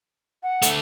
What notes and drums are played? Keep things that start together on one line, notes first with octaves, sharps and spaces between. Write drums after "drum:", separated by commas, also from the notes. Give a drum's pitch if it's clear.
F#5
D3 A3, drum: hi-hat